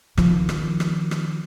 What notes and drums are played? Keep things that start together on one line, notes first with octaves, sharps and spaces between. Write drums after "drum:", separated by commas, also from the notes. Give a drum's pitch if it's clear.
D#3 F3, drum: rim click
drum: rim click
drum: rim click
drum: rim click